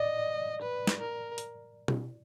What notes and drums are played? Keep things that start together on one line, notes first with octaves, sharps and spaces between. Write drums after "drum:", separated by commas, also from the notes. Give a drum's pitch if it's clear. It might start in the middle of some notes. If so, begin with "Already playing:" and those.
Already playing: D5 D#5
B4
drum: snare
A#4
drum: hi-hat
drum: tom B2